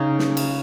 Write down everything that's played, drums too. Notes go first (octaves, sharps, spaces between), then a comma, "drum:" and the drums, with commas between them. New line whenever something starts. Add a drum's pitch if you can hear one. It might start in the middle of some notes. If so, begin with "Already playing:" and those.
Already playing: C#3 C#4 D#4
drum: snare
drum: cymbal